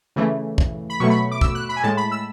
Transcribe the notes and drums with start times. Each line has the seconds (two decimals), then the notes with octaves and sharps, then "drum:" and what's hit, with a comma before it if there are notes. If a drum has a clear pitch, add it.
0.16 C#3 E3 A3
0.58 drum: kick A#1
0.90 B5
1.00 B2 F#3 A3 C#6
1.10 B5
1.31 D6
1.41 E6, drum: kick A#1
1.55 F#6
1.69 B5
1.77 G#5
1.83 A2 G#3 A5
1.97 B5
2.12 E6